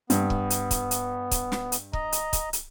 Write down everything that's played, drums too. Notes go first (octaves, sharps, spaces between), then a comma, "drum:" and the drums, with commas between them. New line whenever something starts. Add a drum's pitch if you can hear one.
G2 B3, drum: hi-hat
drum: kick
drum: hi-hat
drum: kick, hi-hat
drum: hi-hat
drum: kick, hi-hat
drum: snare
drum: hi-hat
D#5 A#5, drum: kick
drum: hi-hat
drum: kick, hi-hat
drum: hi-hat